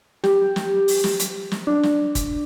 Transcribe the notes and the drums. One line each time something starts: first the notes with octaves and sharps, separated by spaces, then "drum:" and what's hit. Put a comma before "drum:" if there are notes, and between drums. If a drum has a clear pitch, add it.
G4, drum: snare
drum: snare
drum: open hi-hat
drum: snare
drum: hi-hat
drum: snare
D4
drum: snare
drum: kick F#1, hi-hat